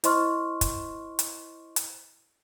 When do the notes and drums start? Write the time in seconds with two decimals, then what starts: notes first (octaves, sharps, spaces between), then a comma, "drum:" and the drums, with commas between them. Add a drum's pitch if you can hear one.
0.04 E4 C5 D#5 C6 C#6 F6, drum: hi-hat
0.61 drum: kick, hi-hat
1.19 drum: hi-hat
1.76 drum: hi-hat